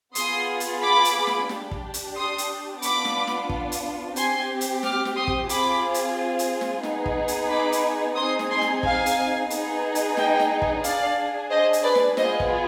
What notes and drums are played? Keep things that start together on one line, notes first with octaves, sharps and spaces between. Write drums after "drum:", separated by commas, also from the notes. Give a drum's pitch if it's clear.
B3 F4 G#4 C6 D#6, drum: hi-hat
drum: hi-hat
B5 D6
drum: hi-hat
drum: snare
D4 G4, drum: snare
drum: kick
drum: hi-hat
C6 D#6
drum: hi-hat
B3 D4 F4 B5 D6, drum: hi-hat
drum: snare
drum: snare
drum: kick
drum: hi-hat
C4 G4 G#5 C6, drum: hi-hat
drum: hi-hat
D6 F6, drum: snare
drum: snare
C6 D#6
drum: kick
C4 F4 G#4 B5 D6, drum: hi-hat
drum: hi-hat
drum: hi-hat
drum: snare
B3 D#4 G#4, drum: snare
drum: kick
drum: hi-hat
B5 D6
drum: hi-hat
C4 D#4 G#4 C6 D#6
drum: snare
G#5 C6
drum: snare
F5 G#5, drum: kick
drum: hi-hat
B3 D#4 G#4, drum: hi-hat
drum: hi-hat
D#5 G5, drum: snare
drum: snare
drum: kick
D4 G#4 D5 F5, drum: hi-hat
C5 D#5
drum: hi-hat
B4 D5
drum: snare
B3 F4 G#4 C5 D#5, drum: snare
drum: kick